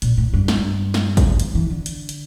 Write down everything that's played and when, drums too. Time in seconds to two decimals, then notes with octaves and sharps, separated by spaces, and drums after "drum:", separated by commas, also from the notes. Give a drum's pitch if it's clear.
0.02 A#2, drum: hi-hat
0.17 A2
0.34 G2
0.48 drum: snare
0.94 drum: snare
1.17 drum: kick, hi-hat
1.40 E3, drum: hi-hat
1.55 E3
1.70 D3
1.86 drum: hi-hat
2.09 drum: hi-hat